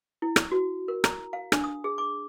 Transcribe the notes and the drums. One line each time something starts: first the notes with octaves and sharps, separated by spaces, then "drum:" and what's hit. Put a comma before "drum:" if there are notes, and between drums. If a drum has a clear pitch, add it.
E4
drum: rim click
F#4
A#4
A#5, drum: rim click
F5
D4, drum: rim click
D#6
G#4
D6